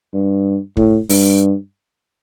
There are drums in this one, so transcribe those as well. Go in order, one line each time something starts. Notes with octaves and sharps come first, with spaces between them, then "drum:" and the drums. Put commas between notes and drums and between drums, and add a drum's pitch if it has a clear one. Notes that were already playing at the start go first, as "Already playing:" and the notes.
G2
A2, drum: kick
G2, drum: open hi-hat